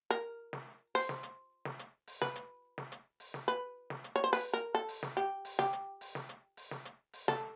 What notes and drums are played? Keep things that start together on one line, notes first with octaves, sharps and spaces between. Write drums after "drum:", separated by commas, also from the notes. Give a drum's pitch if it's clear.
A#4, drum: hi-hat
drum: snare
C5, drum: open hi-hat
drum: snare
drum: hi-hat
drum: snare
drum: hi-hat
drum: open hi-hat
B4, drum: snare
drum: hi-hat
drum: snare
drum: hi-hat
drum: open hi-hat
drum: snare
B4, drum: hi-hat
drum: snare
drum: hi-hat
C#5
C5
B4, drum: open hi-hat
A#4
A4
drum: open hi-hat
drum: snare
G4, drum: hi-hat
drum: open hi-hat
G4, drum: snare
drum: hi-hat
drum: open hi-hat
drum: snare
drum: hi-hat
drum: open hi-hat
drum: snare
drum: hi-hat
drum: open hi-hat
A4, drum: snare